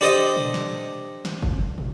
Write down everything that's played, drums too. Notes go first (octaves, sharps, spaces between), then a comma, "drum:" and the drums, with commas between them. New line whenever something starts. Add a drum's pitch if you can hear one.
D4 G4 A4 C5 D5 D#5
drum: tom A#2
drum: snare
drum: snare
drum: kick F#1
drum: tom